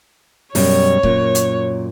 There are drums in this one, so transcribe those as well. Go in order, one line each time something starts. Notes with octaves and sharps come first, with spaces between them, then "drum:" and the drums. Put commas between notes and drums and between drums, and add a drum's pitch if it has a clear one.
F#2 B2 G3 C#5, drum: open hi-hat
F#2 A#2, drum: kick C#1
drum: hi-hat